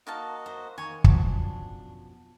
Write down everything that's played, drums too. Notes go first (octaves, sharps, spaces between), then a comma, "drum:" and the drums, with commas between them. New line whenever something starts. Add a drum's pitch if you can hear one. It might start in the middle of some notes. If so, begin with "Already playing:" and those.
A#3 D#4 F#4 D#5 F5 A5
C5 E5
D#3 A#3 C#5 G#5 C#6
F#2 B2 F3 D4, drum: kick